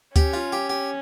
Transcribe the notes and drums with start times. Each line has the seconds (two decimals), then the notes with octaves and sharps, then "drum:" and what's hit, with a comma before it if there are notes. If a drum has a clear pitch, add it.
0.16 C#4 G4, drum: kick D2, hi-hat
0.33 F4
0.52 G4
0.69 G4